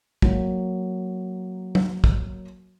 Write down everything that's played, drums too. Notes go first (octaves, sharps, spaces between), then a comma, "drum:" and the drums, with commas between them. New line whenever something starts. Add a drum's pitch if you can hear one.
F#3 A#3, drum: kick
drum: tom F#3
drum: kick